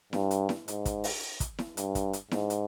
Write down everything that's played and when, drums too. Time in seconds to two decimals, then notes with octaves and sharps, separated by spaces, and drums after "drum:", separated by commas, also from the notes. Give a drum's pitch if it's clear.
0.13 G2, drum: snare E4
0.31 drum: hi-hat
0.49 drum: snare E4
0.68 G#2, drum: hi-hat
0.85 drum: kick, hi-hat
1.04 drum: open hi-hat
1.40 drum: kick, hi-hat
1.59 drum: snare E4
1.77 G2, drum: hi-hat
1.95 drum: kick, hi-hat
2.13 drum: hi-hat
2.31 G#2, drum: snare E4
2.50 drum: hi-hat